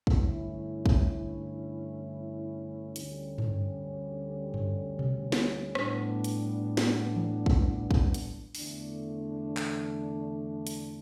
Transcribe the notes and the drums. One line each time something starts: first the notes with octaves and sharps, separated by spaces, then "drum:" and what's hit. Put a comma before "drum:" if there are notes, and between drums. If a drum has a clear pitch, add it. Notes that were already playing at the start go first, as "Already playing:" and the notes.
drum: kick
G2 D3 A3 C#4 E4
drum: kick
D2 D3 G3 C#4, drum: hi-hat
drum: tom G2
drum: tom G2
drum: tom B2
drum: snare
A2 G3 B3 D4, drum: rim click
drum: hi-hat
drum: snare
drum: tom E3
drum: kick
drum: kick
drum: hi-hat
E2 D3 A3 D4, drum: open hi-hat
drum: clap
drum: hi-hat